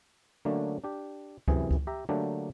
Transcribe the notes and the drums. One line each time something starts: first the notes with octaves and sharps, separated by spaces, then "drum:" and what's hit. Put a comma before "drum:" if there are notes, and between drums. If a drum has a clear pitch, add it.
D3 F#3 A3 A#3 C#4 D4
D4 G4
F#2 C3 E3 G#4, drum: kick C#2
drum: kick C#2
G4 E5 A#5
D3 F#3 A3 A#3 D4 G4